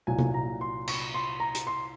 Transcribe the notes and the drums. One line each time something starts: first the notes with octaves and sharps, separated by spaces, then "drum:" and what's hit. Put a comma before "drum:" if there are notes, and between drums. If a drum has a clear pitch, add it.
C2 A#2 F#3 G#5
drum: tom C3
A#5
C6
C#6, drum: cymbal
C6
A#5
drum: hi-hat
C6